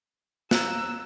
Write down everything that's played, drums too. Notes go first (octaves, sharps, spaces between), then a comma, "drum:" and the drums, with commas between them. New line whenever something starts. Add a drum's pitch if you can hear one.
A#5 E6 F#6, drum: snare